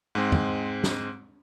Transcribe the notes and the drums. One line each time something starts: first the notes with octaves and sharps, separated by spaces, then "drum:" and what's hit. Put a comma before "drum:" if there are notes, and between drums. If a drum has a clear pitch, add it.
G#2 G#3 C4
drum: tom E2
drum: snare